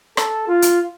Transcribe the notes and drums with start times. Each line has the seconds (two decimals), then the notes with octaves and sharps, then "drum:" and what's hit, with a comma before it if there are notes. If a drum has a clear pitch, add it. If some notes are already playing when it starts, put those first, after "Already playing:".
0.17 A4, drum: rim click
0.48 F4
0.62 drum: hi-hat